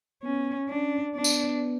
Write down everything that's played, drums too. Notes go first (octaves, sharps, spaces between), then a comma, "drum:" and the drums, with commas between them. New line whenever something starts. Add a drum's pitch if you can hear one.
B3 C#4
C#4 D4
B3 D4
drum: tambourine